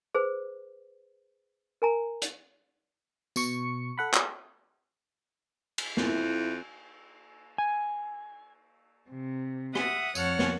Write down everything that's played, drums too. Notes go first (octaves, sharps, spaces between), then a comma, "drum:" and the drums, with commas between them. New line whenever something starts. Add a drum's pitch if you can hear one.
G#4 B4 C5
A#4 G#5 A#5
drum: hi-hat
B2 C#6 C#7, drum: tambourine
A4 F#5 B5
drum: clap
drum: cymbal
F2 E4, drum: snare
G#5
C3
E5 F#5 D#6, drum: rim click
F2 C#5 F#5 A5 F6, drum: tambourine
drum: snare